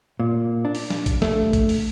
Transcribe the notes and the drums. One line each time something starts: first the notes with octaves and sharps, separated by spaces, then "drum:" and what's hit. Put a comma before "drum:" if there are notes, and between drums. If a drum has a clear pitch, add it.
A#2
D4
drum: open hi-hat
drum: snare
drum: kick, hi-hat
A3, drum: snare
drum: kick, hi-hat
drum: open hi-hat